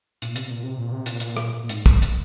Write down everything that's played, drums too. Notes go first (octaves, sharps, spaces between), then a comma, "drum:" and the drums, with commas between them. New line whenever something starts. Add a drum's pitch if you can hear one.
A#2, drum: hi-hat
C3, drum: hi-hat
A#2
C3
A#2
C3
A#2, drum: hi-hat
drum: hi-hat
drum: rim click
A#2
G#2, drum: hi-hat
G2, drum: kick, hi-hat
drum: hi-hat